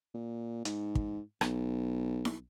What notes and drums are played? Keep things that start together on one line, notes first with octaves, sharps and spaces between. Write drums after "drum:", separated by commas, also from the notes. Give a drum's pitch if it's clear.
A#2
G#2, drum: hi-hat
drum: kick
B1, drum: rim click
drum: snare E4